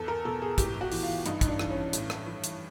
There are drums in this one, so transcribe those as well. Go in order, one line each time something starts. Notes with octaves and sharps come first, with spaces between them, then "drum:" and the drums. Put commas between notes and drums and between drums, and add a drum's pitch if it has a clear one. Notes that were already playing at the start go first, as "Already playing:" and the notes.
Already playing: E2 A4
A#4
B2 A4
G#4
A2 G4, drum: kick, hi-hat
F#4
E3, drum: open hi-hat
F4
G2 D#4, drum: hi-hat
D#4, drum: kick, hi-hat
D4
E3, drum: rim click
C#4
A2, drum: hi-hat
drum: rim click
E3
drum: hi-hat